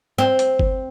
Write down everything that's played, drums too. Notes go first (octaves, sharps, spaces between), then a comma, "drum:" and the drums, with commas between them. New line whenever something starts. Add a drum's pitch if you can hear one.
C4
drum: hi-hat
drum: kick G1